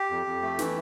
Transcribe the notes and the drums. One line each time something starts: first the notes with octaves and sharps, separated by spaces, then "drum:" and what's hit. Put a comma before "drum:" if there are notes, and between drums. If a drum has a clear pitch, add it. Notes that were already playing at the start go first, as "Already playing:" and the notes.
Already playing: G4
F2
F2
A3
E3, drum: snare